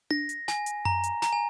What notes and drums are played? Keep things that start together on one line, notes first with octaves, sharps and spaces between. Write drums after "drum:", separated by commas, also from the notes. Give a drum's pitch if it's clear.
A#6, drum: tom D4
drum: hi-hat
G#5, drum: snare
drum: hi-hat
A#5, drum: tom F#2
drum: hi-hat
A#5, drum: snare
G#5